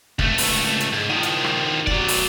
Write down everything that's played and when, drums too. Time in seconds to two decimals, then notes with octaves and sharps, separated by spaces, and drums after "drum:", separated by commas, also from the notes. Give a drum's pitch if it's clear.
0.19 C#2 A3, drum: kick
0.38 drum: open hi-hat
0.80 drum: hi-hat
0.93 G#2
1.10 D#3 F3
1.23 drum: hi-hat
1.44 drum: rim click
1.87 F#3 D5, drum: kick
2.08 drum: open hi-hat